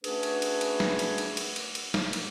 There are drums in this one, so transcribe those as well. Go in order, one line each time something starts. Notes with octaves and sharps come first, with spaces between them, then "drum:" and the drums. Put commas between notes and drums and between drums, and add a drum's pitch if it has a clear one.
A3 C#4 D4 F#4 G#4 B4, drum: cymbal
drum: cymbal
drum: cymbal
drum: cymbal
drum: snare
drum: cymbal
drum: cymbal
drum: cymbal
drum: cymbal
drum: cymbal
drum: snare
drum: cymbal